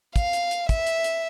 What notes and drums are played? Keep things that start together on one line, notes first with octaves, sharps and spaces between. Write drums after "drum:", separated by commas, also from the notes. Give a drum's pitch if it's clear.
F5, drum: kick, hi-hat
drum: hi-hat
drum: hi-hat
E5, drum: kick, hi-hat
drum: hi-hat
drum: hi-hat